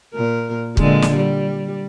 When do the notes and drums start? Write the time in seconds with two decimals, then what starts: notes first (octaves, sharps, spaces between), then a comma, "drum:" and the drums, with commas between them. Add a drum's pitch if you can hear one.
0.15 A#2 A#4
0.77 A#2 D3 G#3, drum: kick
1.02 drum: snare
1.15 G3